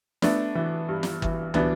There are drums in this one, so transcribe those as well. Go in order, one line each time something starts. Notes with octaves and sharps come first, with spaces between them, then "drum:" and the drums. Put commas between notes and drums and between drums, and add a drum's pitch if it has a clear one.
A3 B3 D4, drum: snare
E3
G2
drum: snare
E3, drum: kick
E3 B3 D4, drum: tom